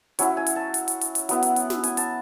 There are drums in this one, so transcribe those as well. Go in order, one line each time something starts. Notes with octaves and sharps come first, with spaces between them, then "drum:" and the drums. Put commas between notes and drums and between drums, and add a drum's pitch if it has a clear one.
F#3 C#4 E4 C#5, drum: hi-hat
G#5
drum: hi-hat
A5
drum: hi-hat
drum: hi-hat
drum: hi-hat
drum: hi-hat
F#3 B3 E4, drum: hi-hat
drum: hi-hat
drum: hi-hat
drum: snare
G#5, drum: hi-hat
A5, drum: hi-hat